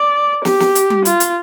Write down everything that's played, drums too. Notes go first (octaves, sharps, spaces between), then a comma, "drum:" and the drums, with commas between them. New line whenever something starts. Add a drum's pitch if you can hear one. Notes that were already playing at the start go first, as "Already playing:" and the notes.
Already playing: D5
G4, drum: snare
drum: snare
drum: hi-hat
drum: tom G3
F4, drum: hi-hat
drum: hi-hat